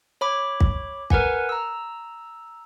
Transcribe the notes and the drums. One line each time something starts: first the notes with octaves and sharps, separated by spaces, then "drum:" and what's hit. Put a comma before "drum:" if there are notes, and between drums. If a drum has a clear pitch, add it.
C#5 B5 D6
drum: kick
A#4 B4 F#5 G#5, drum: kick
A#5 E6